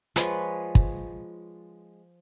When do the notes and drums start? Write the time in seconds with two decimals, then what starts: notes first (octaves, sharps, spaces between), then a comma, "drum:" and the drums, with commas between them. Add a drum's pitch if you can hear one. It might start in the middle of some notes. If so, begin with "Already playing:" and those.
0.16 F3 G#3 B4 C#5, drum: hi-hat
0.75 drum: kick